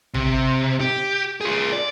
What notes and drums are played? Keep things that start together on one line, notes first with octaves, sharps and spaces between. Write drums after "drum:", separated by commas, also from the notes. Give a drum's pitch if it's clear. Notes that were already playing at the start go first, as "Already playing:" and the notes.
C3, drum: tom
G4
F4 G#4
D5